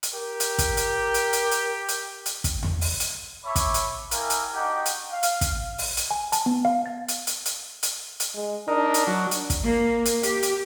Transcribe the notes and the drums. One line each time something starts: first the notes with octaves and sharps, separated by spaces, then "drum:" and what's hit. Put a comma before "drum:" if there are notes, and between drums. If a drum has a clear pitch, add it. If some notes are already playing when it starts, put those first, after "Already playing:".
drum: hi-hat
G4 A#4
drum: hi-hat
drum: kick, hi-hat
drum: hi-hat
drum: hi-hat
drum: hi-hat
drum: hi-hat
drum: hi-hat
drum: hi-hat
drum: kick, hi-hat
drum: tom E2
drum: open hi-hat
drum: hi-hat
C#5 E5 A5 B5 C#6 D6
drum: kick, hi-hat
drum: hi-hat
C4 E4 G4 A#4 F5 G#5, drum: hi-hat
drum: hi-hat
D4 D#4 F#4 G4 F#5 G5
drum: hi-hat
F5
drum: hi-hat
drum: kick, hi-hat
drum: open hi-hat
drum: hi-hat
G#5
A5, drum: hi-hat
B3
F5
A6
drum: hi-hat
drum: hi-hat
drum: hi-hat
drum: hi-hat
drum: hi-hat
G#3
D4 D#4 A#4
drum: hi-hat
F#3
drum: hi-hat
drum: kick, hi-hat
A#3
drum: hi-hat
G4, drum: hi-hat
drum: hi-hat